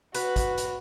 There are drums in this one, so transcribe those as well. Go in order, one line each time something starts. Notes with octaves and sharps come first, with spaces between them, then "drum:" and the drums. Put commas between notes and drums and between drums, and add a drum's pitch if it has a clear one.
F#4 B4, drum: hi-hat
drum: kick, hi-hat
drum: hi-hat